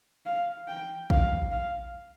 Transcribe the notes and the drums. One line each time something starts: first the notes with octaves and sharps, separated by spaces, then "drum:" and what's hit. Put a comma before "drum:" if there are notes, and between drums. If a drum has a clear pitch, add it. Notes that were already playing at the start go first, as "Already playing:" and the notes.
F5
G5
F5, drum: kick A#1
F5